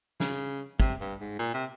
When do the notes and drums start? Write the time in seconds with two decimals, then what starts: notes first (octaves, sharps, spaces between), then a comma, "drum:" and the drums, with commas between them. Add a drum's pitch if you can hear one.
0.20 C#3, drum: snare
0.80 C3, drum: kick
1.01 G2
1.20 G#2
1.39 A#2
1.54 C3